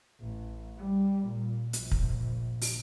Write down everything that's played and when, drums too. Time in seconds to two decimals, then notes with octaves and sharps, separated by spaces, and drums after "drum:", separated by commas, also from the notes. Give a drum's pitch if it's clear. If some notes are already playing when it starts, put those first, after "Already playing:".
0.21 A1
0.78 G3
1.26 A#2
1.73 A#1, drum: hi-hat
1.91 drum: kick
2.61 drum: open hi-hat